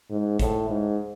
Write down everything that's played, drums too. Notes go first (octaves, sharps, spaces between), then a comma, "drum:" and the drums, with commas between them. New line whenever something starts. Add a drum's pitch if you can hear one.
G#2
A2, drum: kick, hi-hat
G#2